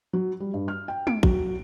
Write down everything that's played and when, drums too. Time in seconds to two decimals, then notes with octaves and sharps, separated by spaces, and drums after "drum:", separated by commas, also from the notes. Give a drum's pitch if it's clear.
0.13 F#3
0.40 G3
0.54 G2
0.68 F6
0.88 G5
1.07 D7, drum: tom
1.23 F#3, drum: kick